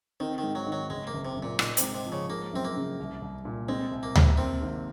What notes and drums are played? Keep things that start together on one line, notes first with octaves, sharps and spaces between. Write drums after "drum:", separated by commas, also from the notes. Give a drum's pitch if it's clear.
D#3 C4
D#3
G#2
F#3
D#3
F#3
F#1 G#3
A#3
F#1
C3
F#2
A#2
A#2 D#4, drum: rim click
C3, drum: hi-hat
G#2
C3
F3
C#3
G#3 A#3
F#2 C4
A#3
C#3
C2
C2
A#2
G#3 C4
C2
A#3
C3, drum: tom D2
A#3 C4
G#1